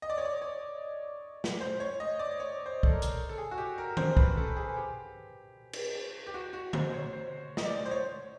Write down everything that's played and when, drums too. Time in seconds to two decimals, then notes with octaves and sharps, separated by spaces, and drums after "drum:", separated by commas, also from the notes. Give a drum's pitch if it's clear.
0.02 D#5
0.10 D5
0.18 C#5
0.25 D5
0.42 C#5
1.44 drum: snare
1.61 C5
1.80 C#5
2.00 D#5
2.19 D5
2.40 C#5
2.66 C5
2.83 A4, drum: kick
2.92 A#4
3.02 drum: hi-hat
3.29 A4
3.38 G#4
3.51 F#4
3.58 G4
3.78 A#4
3.97 C5, drum: tom D#3
4.17 B4, drum: kick
4.37 A4
4.57 G#4
4.76 G4
5.73 drum: cymbal
6.27 G4
6.34 F#4
6.53 F#4
6.73 C5, drum: tom D3
6.94 C#5
7.13 C5
7.57 D#5, drum: snare
7.66 D5
7.86 C5
7.91 C#5